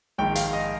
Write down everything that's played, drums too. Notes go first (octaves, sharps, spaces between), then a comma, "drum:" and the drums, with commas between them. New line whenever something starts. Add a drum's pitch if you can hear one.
A#1 G#2 D#3 G5
F5, drum: hi-hat
D#5